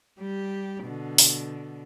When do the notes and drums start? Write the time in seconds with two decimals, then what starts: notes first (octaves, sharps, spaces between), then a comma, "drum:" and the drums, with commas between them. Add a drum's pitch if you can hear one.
0.19 G3 G4
0.84 B2 D3
1.18 drum: open hi-hat